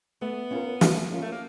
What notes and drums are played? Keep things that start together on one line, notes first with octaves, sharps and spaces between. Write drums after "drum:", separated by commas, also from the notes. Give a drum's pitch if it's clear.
A3 B3
C#4 F4 A#4
A3, drum: snare
C#4 F4 A#4
A3
A#3